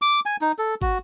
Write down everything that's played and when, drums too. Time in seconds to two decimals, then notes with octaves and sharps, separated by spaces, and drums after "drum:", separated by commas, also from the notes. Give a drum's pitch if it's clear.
0.02 D6
0.26 G#5
0.41 D#4
0.59 A4
0.82 F#4, drum: kick